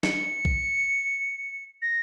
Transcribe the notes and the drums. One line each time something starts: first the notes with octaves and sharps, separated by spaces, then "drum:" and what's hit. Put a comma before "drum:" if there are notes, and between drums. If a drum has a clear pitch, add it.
C#7, drum: snare
drum: kick B1
A#6